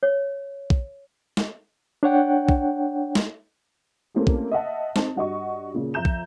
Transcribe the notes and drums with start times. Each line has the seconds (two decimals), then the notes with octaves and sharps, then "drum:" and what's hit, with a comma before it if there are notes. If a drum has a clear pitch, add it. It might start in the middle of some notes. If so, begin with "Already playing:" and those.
0.03 C#5
0.70 drum: kick
1.37 drum: snare
2.03 D4 C#5 F#5 G5
2.49 drum: kick
3.15 drum: snare
4.15 A3 A#3 C4 C#4 E4 G4
4.27 drum: kick
4.52 D#5 E5 F#5 A5
4.96 C4 D#4 A5, drum: snare
5.16 G2 F#4 D#5 C#6
5.74 A#2 C#3
5.94 F2 E5 A#5 G6 E7
6.05 drum: kick